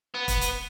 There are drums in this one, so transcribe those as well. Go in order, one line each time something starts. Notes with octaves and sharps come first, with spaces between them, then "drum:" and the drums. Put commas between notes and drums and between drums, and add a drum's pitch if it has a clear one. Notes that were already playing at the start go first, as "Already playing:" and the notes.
B3
drum: kick E1, hi-hat
drum: hi-hat